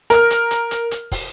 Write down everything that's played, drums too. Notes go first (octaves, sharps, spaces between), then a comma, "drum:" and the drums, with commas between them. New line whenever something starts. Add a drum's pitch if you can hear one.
A#4 F6, drum: hi-hat
drum: hi-hat
drum: hi-hat
drum: hi-hat
drum: hi-hat
drum: kick, open hi-hat